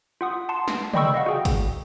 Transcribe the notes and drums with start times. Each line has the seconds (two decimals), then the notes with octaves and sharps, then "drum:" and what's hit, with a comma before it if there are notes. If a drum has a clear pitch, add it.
0.21 F4 F#5 D#6
0.49 F#5 A5 C6
0.68 drum: snare
0.93 D5 D#5 G5 B5 C#6 E6, drum: tom
1.14 D#5 F5 F#5
1.26 F#4 G#4 G5
1.45 drum: kick, hi-hat